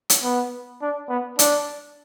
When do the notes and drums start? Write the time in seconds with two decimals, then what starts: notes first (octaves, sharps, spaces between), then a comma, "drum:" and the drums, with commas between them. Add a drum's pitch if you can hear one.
0.10 drum: hi-hat
0.23 B3
0.82 D4
1.09 B3
1.39 D4, drum: hi-hat